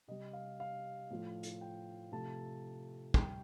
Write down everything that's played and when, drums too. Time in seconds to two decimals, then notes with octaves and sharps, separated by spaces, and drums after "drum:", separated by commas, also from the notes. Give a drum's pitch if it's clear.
0.08 C3 G3 D#5
0.33 F5
0.60 F5
1.10 A2 F3 A3
1.43 drum: hi-hat
1.61 G5
2.12 C3 F3 A3 A5
3.14 C3 G3 G5, drum: kick